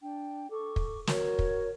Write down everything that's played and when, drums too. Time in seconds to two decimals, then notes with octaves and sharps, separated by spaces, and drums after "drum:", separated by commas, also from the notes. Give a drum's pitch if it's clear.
0.02 D4 G5
0.51 A4 C#6 D6
0.76 drum: kick
1.07 F#4 A#4 C#5, drum: snare
1.39 drum: kick